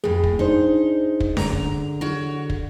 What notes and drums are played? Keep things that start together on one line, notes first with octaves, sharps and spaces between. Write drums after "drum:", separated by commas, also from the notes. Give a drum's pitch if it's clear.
F2 A2 G#4
drum: kick
D4 D#4 C5
drum: kick
D3 A#5, drum: snare C#4
drum: kick
F#4 A#4 C#5
drum: kick